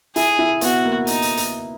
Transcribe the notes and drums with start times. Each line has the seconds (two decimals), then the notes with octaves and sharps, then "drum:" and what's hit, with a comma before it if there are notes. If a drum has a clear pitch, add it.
0.16 E4 G#4, drum: hi-hat
0.39 E4
0.61 B3 F#4, drum: hi-hat
0.85 A#3
1.07 D#4, drum: hi-hat
1.22 drum: hi-hat
1.37 drum: hi-hat